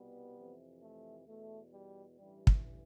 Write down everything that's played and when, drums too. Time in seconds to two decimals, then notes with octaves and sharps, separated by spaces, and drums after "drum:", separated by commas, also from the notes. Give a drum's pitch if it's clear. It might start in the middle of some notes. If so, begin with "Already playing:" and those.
Already playing: C2 B2 G3 B3
0.36 F2 C3 E3
0.82 A3
1.27 E2 B2 A3
1.72 G3
2.18 A1 G2 E3 G3
2.47 drum: kick